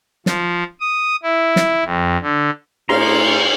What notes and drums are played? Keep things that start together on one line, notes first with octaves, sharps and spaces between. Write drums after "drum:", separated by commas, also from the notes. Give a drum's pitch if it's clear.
F3, drum: snare
D#6
E4
drum: snare
F2
D3
A2 F5 A#5 C6, drum: cymbal